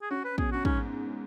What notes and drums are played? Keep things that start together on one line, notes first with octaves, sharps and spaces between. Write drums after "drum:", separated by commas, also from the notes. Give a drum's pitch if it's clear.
G#4
C#4 F#4
B4
B2 G#4, drum: kick
F#2 F#4
G#2 C#4, drum: kick